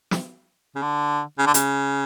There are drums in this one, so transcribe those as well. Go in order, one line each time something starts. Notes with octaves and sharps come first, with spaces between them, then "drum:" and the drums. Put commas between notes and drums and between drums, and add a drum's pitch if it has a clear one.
drum: snare
C#3
D3
C#3
D3
C#3, drum: hi-hat